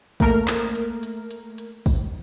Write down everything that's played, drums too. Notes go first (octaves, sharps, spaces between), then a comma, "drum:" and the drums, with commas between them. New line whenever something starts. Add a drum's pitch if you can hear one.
A3 A#3 A#4, drum: kick, hi-hat
drum: clap
drum: hi-hat
drum: hi-hat
drum: hi-hat
drum: hi-hat
drum: kick, open hi-hat